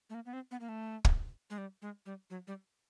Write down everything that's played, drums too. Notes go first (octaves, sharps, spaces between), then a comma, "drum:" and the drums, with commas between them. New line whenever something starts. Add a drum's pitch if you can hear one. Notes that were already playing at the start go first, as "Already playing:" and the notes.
A3
A#3
B3
C4
B3
A#3
A3
drum: kick
G#3
G3
G#3
G3
F#3
G3